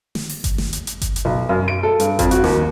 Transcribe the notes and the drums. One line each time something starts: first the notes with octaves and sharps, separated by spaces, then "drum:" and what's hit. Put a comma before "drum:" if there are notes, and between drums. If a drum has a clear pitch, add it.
drum: snare
drum: open hi-hat
drum: kick G1, hi-hat
drum: snare
drum: hi-hat
drum: hi-hat
drum: kick G1, hi-hat
drum: hi-hat
B1
F#2
D7
A4
G2, drum: hi-hat
F2, drum: kick G1, hi-hat
F#4, drum: hi-hat
D#2, drum: snare